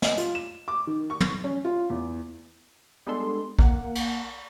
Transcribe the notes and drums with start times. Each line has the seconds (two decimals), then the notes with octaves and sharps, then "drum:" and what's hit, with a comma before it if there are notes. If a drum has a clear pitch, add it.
0.02 D#5, drum: snare
0.17 F4, drum: hi-hat
0.35 E7
0.68 D6
0.87 D#3
1.10 C#6
1.20 drum: tom
1.44 C#4
1.65 F4
1.90 E2
3.07 G3 G#3 B3 D4 A4 C6
3.59 A#3 F#5, drum: kick A#1
3.95 drum: cymbal